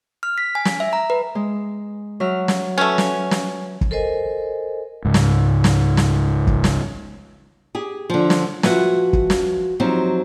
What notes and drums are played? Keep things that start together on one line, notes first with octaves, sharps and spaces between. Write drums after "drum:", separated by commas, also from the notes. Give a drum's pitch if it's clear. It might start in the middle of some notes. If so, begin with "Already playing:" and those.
F6
B6
G#5
drum: snare
E5
A#5
B4
G#3
F#3 E5 F6
drum: snare
A3 C#4 B4
drum: snare
drum: snare
drum: kick
A4 A#4 C5 D#5 G#5
C#2 G#2
drum: snare
drum: snare
drum: snare
drum: kick
drum: snare
G4 G#4
D3 F3
drum: snare
F3 F#4 B4 E5 G#5, drum: snare
drum: kick
drum: snare
F3 F#3 C4 D#4 G4